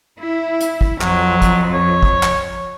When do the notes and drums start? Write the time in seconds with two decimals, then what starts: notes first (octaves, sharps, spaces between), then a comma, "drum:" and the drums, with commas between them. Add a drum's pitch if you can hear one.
0.19 E4
0.61 drum: hi-hat
0.81 drum: kick
1.01 F2 F#3, drum: clap
1.42 drum: kick, hi-hat
1.73 C#5
2.03 drum: kick
2.23 drum: clap